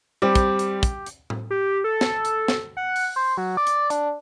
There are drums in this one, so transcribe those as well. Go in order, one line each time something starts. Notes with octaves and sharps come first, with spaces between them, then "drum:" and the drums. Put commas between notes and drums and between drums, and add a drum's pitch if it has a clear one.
G3 C4 G4
drum: kick, hi-hat
drum: hi-hat
drum: kick, hi-hat
drum: hi-hat
drum: tom A2
G4
A4
drum: snare
drum: hi-hat
drum: snare
F#5
drum: open hi-hat
C5
F#3
D5
drum: hi-hat
D4, drum: hi-hat